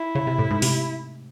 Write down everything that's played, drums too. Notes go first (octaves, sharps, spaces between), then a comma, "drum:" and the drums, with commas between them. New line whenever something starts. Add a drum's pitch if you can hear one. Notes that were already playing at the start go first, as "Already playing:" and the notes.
Already playing: E4
C#3
C3
A2
G#2
C3, drum: open hi-hat